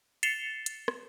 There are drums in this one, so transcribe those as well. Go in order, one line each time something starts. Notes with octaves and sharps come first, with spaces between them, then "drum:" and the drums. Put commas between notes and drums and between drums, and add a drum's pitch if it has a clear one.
A6 C7 C#7 E7 F7 G7, drum: hi-hat
drum: hi-hat
drum: rim click